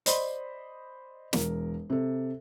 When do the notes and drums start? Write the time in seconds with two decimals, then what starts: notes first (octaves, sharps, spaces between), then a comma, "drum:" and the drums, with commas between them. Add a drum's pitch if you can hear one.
0.06 C5 D5 D#5 B5 C6, drum: hi-hat
1.33 E1 A#4, drum: snare
1.90 C3 A4